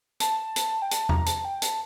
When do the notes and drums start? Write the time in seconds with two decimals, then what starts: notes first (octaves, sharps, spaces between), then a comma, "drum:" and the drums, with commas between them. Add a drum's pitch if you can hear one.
0.20 A5, drum: hi-hat
0.56 drum: hi-hat
0.82 G5
0.91 A5, drum: hi-hat
1.09 A#5, drum: tom E2
1.26 A5, drum: hi-hat
1.45 G5
1.62 A5, drum: hi-hat